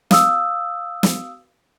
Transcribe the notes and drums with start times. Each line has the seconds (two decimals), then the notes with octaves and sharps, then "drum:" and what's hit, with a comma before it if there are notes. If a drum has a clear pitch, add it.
0.11 F5 D#6 E6, drum: snare
1.03 drum: snare